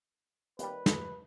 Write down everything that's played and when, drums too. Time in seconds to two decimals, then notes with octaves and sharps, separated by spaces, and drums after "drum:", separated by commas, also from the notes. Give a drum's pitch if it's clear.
0.59 D#2 G3 B4, drum: hi-hat
0.86 drum: snare